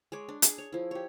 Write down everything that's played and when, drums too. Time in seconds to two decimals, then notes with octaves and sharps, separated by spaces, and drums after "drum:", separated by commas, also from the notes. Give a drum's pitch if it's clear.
0.12 G#3 C#5 D6
0.29 D4
0.42 G#4, drum: hi-hat
0.58 C#5
0.72 F3 E4
0.91 G4 C#5